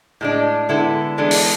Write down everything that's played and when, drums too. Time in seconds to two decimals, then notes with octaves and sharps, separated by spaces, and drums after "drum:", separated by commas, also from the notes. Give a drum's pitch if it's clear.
0.21 A2 G#3 D4
0.69 D3 G#3 B3 E4 A4
1.18 E3 G#3 B3 D4 A4
1.31 drum: open hi-hat